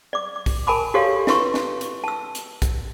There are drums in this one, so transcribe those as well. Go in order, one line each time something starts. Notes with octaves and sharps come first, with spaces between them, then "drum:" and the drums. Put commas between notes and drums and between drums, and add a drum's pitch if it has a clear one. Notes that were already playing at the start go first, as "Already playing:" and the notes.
D5 D6
D6
drum: kick, open hi-hat
A#4 G#5 A5 B5 D6
F#4 G4 A4 C#5 D5 F5
E4 F4 B4 C6 C#6, drum: snare
drum: snare
drum: hi-hat
A5 E6
drum: hi-hat
drum: kick, hi-hat